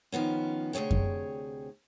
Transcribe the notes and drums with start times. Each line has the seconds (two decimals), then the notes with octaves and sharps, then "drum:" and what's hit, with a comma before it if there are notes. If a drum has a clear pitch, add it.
0.12 D#3 F3 B3 C#4
0.73 D2 C3 G#4 C#5 G5
0.91 drum: kick F#2